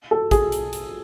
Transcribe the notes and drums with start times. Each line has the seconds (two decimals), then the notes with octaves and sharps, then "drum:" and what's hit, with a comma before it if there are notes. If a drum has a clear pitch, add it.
0.11 A4
0.31 G#4, drum: kick, hi-hat
0.52 drum: hi-hat
0.73 drum: hi-hat